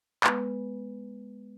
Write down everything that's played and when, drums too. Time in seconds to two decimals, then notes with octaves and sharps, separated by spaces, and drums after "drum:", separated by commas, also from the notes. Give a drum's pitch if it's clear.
0.24 G#3 B3 B4, drum: clap